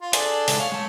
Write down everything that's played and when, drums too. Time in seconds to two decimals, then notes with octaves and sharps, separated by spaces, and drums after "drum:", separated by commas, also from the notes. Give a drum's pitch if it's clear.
0.01 F4
0.13 D4 G#4 A4 D5, drum: hi-hat
0.48 C#3 G#3 E5, drum: open hi-hat
0.60 C#5 F5
0.72 G#3 A5